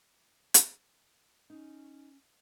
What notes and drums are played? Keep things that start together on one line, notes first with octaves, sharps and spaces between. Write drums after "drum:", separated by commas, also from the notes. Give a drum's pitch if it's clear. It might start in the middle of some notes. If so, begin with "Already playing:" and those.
drum: hi-hat
C#4 D#4